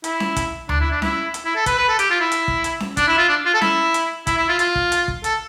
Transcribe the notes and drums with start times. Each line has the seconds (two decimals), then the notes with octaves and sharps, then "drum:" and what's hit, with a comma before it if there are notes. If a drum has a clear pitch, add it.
0.04 E4, drum: hi-hat
0.20 drum: snare C#4
0.36 drum: kick, hi-hat
0.69 D4, drum: tom D2
0.80 E4
0.91 D4
1.02 E4, drum: snare C#4
1.34 drum: hi-hat
1.45 E4
1.56 A4
1.66 B4, drum: kick, hi-hat
1.78 B4
1.88 A4
1.99 G4, drum: hi-hat
2.10 F4
2.21 E4
2.32 drum: hi-hat
2.48 drum: kick
2.64 drum: hi-hat
2.80 drum: snare C#4
2.97 D4, drum: kick, hi-hat
3.08 E4
3.18 F4
3.29 D4
3.46 F4
3.54 A4
3.61 E4, drum: snare C#4
3.94 drum: hi-hat
4.27 E4, drum: kick, hi-hat
4.37 E4
4.49 F4
4.59 F4, drum: hi-hat
4.75 drum: kick
4.92 drum: hi-hat
5.08 drum: kick
5.24 A4, drum: hi-hat